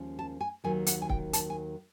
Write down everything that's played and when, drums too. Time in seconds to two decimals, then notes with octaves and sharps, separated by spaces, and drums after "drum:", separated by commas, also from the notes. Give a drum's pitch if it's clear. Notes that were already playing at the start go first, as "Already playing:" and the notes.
Already playing: D#2 F3 G#3 C#4
0.19 A5
0.41 G#5
0.64 D#2 D#3 F#3 G#5
0.87 F#5, drum: hi-hat
1.02 G#5
1.10 G5, drum: kick
1.33 A5, drum: hi-hat
1.50 G#5